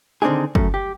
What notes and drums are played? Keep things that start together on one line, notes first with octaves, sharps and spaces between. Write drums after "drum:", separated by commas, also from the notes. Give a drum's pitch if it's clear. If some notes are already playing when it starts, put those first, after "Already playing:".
D3 D#3 C4 D4 D#4 G#4
F#2 A3, drum: kick
G4